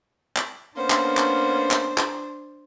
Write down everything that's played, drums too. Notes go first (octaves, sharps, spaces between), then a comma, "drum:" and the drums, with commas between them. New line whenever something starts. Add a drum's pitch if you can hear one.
drum: clap
A#3 B3 C#4 D4 C5
drum: clap
drum: clap
drum: clap
drum: clap